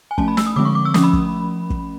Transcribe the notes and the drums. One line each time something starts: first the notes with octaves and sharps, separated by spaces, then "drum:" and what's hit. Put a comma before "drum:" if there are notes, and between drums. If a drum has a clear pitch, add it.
G#5
F3 A3 C#4 A5, drum: kick
B5
E6, drum: snare
D#6
D3 F3 G#3 C4 D6
C#6
D6
E6
F3 A3 C#4 D#6, drum: snare
B5
drum: kick
drum: kick